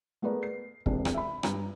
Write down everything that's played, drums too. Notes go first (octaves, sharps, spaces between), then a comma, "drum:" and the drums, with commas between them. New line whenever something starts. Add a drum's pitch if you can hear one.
A3 B3 G#4 A#4 B4 D5
C7
E1 C3 B3 D4 G#4, drum: kick
drum: rim click
E5 B5
G2 A#5, drum: rim click